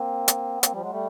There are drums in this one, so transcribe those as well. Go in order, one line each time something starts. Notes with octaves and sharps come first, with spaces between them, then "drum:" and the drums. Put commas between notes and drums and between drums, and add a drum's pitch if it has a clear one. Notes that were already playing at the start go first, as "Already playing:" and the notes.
Already playing: A#3 C4
drum: hi-hat
B3
A#3 C4, drum: hi-hat
F3 G3
F#3 G#3
G3 A3